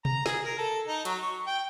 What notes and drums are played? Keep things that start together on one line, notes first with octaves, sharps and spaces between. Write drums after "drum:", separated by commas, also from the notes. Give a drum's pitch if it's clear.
A#5, drum: tom B2
G#4, drum: snare
A#4
A4
D#4
F#3, drum: hi-hat
C#6
G5